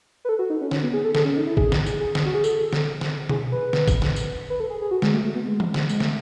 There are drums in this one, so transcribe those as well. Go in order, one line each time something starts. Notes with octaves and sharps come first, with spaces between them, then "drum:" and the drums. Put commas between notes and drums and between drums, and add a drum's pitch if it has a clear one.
B4
A4
F#4
D#4
C#4
C#4, drum: snare
B3
G#4
A4
A4, drum: snare
C#4
D#4
E4
G#4, drum: kick
drum: snare
drum: tambourine
G#4
drum: snare
F#4
G#4
A4, drum: tambourine
drum: snare
drum: snare
G#4, drum: tom B2
B4
drum: snare
drum: kick, tambourine
drum: snare
drum: tambourine
B4
A4
G#4
G#4
F#4
G#3, drum: snare
A3
A3
B3
G#3
drum: tom E3
drum: snare
G#3, drum: tambourine
A3, drum: snare